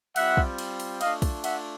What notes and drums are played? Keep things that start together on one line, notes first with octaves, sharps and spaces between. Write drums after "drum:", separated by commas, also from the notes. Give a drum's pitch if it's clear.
G3 C4 F4 E5 F#5, drum: cymbal
drum: kick
drum: cymbal
drum: cymbal
A3 D4 F4 D#5 F5, drum: cymbal
drum: kick, cymbal
E5 F#5, drum: cymbal